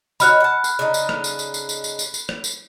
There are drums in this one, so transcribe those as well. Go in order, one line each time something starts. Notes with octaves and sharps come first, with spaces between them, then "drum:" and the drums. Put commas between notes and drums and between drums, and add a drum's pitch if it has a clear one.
D#4 F#4 C#5 B5 F6 F#6, drum: tambourine
F#5 A5
drum: tambourine
C#3 D4 D#4
drum: tambourine
drum: rim click
drum: tambourine
drum: tambourine
drum: tambourine
drum: tambourine
drum: tambourine
drum: tambourine
drum: tambourine
drum: rim click
drum: tambourine